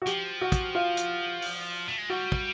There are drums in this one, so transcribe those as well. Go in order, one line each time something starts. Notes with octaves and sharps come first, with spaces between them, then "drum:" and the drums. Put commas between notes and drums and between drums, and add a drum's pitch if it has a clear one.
F#4
F3 G4, drum: hi-hat
F#4
drum: kick, hi-hat
F4
drum: hi-hat
drum: open hi-hat
A3
G#3
G3 F#4
drum: kick